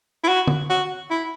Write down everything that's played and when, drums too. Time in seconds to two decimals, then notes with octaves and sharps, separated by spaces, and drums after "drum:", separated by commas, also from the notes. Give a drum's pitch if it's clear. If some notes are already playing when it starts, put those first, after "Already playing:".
0.24 E4
0.28 F#4
0.47 drum: tom D3
0.70 F#4
1.11 E4